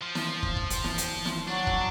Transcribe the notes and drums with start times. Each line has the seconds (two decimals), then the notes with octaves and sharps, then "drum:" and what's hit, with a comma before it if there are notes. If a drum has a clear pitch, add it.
0.01 F3
0.15 drum: snare
0.43 drum: kick
0.56 drum: kick
0.70 drum: hi-hat
0.84 drum: snare
0.98 drum: hi-hat
1.25 drum: snare
1.48 F#3 D4
1.67 drum: kick